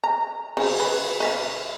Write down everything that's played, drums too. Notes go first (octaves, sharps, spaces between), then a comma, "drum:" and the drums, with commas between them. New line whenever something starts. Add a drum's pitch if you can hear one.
A#5
C#3, drum: cymbal
B4
B4 E5 F5